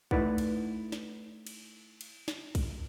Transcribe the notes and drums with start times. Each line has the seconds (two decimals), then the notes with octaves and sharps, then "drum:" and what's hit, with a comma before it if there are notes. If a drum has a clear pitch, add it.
0.11 A3 D#4 E4 B4 D5 F#5, drum: kick B1
0.38 drum: cymbal
0.92 drum: snare
1.47 drum: cymbal
2.01 drum: cymbal
2.28 drum: snare
2.55 drum: kick B1, cymbal